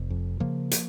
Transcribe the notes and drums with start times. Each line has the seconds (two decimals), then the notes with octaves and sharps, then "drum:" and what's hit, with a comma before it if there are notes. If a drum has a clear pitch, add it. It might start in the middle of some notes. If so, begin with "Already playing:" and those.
Already playing: F1
0.10 F2
0.40 C#3 F3 A#3
0.71 drum: hi-hat